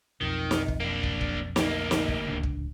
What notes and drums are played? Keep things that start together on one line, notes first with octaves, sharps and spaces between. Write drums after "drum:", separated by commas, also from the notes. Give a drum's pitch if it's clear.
B1 F2 D#3
drum: snare
drum: kick
A#3 D4
drum: kick
drum: kick
D2 A#3, drum: snare
drum: snare
drum: kick
D1 C#2 D4
drum: kick